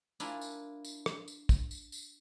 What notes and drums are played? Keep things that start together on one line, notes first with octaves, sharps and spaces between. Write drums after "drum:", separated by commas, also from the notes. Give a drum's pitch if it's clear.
D4 E4 F4 A#4 G#5, drum: tambourine
drum: tambourine
drum: tambourine
drum: rim click
drum: tambourine
drum: kick, tambourine
drum: tambourine
drum: tambourine